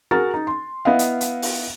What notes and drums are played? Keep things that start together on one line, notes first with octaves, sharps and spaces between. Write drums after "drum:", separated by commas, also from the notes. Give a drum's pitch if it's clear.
F#4 G#4 A#4 A#5 A6
D#4
C6
B3 E4 D#5 F5
drum: hi-hat
drum: hi-hat
drum: open hi-hat